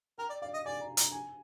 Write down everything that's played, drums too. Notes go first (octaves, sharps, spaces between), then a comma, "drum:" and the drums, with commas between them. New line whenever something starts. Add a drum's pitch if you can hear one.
A#4 G5
D5
D5 F5
D#5
D5 G#5
A#5
A#5, drum: hi-hat
G#5